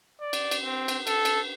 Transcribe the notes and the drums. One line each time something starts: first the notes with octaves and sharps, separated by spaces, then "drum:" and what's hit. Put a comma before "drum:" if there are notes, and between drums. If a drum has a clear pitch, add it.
D5
drum: cymbal
drum: cymbal
C4
drum: cymbal
A4, drum: cymbal
drum: cymbal